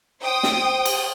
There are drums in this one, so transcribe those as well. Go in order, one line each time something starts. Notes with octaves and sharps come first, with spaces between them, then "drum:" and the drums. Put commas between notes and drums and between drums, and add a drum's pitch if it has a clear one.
C5 G5 D#6
drum: snare
drum: cymbal